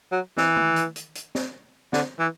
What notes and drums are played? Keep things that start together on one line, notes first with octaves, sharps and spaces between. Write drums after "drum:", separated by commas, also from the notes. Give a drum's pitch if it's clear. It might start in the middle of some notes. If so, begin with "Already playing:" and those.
F#3
E3, drum: snare
drum: tom D#3
drum: hi-hat
drum: hi-hat
drum: hi-hat
drum: snare
D3, drum: snare
E3